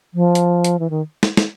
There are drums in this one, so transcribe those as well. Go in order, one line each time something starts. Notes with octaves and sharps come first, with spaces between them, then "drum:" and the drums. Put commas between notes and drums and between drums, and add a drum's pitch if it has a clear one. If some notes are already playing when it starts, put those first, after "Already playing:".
F3
drum: hi-hat
drum: hi-hat
E3
D#3
drum: snare
drum: snare